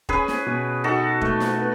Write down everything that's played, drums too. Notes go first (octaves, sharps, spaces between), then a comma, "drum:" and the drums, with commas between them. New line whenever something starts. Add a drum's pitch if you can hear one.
C#4 G#4 B4, drum: kick E1
drum: snare
B2
D#4 F#4 A4
A3, drum: kick E1
drum: snare
B3